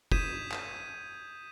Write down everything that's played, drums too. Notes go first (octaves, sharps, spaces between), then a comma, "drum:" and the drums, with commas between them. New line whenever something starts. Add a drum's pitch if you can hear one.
D#6 G6 G#6 B6 D#7 E7, drum: kick F1
drum: clap